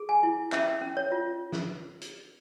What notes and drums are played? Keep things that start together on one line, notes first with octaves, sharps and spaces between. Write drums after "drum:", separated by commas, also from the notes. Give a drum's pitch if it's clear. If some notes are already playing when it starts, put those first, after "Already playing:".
Already playing: G#4
G#5
E4
C#4 E5, drum: clap
C#4
C#5
F4
drum: snare
drum: hi-hat